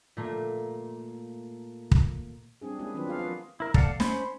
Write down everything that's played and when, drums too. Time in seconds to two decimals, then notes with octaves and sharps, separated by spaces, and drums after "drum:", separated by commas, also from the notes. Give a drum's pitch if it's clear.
0.17 A#2 A3 A#3
1.91 drum: kick
2.61 G3 C4 D4 G#4
2.79 G#3 A#3 C#4 E4 G4 G#4
2.94 D#3 F#3 C4 D4 F4 B4
3.07 B3 F4 G#4 F5
3.19 F3 F4 F#4 A#4 B4
3.60 E4 A#4
3.74 A4 D5 F5 F#5 A5, drum: kick
4.00 C#4 C5 B5 C6, drum: snare